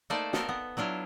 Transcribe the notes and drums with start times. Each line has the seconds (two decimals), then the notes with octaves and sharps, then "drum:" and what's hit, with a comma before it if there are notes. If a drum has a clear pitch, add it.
0.10 A3 A#3 D#4 C5 D5 A5
0.33 B3 C4 A4 A#4, drum: snare
0.49 B3
0.77 F#3 D4 E4 F4